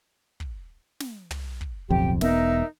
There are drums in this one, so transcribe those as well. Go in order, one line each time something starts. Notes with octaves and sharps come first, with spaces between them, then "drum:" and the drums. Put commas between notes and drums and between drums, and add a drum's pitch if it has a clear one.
drum: kick
drum: snare
drum: tom
drum: kick
D1 B1 F2 G4 G5
E1 B3 D#4 A#4 E5, drum: snare